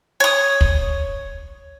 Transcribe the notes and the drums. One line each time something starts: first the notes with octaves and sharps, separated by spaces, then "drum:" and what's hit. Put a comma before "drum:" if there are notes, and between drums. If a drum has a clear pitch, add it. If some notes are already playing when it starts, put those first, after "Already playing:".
C#5 D#6
drum: kick